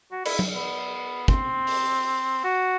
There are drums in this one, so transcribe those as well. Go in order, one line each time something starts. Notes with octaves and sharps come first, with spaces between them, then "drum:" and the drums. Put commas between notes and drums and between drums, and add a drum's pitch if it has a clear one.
F#4
E4, drum: cymbal
drum: tom
B3
C4, drum: kick
drum: open hi-hat
F#4